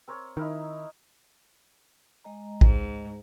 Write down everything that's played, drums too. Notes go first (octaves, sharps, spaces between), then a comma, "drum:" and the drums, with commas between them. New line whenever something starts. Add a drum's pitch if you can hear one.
C4 A#4 C#5
D#3 D#4 E4 A#4
G#3 D#5 A#5
G#2, drum: kick A1